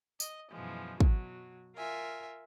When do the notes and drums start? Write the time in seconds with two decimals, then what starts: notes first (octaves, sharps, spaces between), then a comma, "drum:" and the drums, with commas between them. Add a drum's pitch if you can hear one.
0.20 D#5, drum: tambourine
0.51 F#2 B2 E3 F3 G#3
1.00 B2 F#3, drum: kick
1.75 F4 A#4 E5 G#5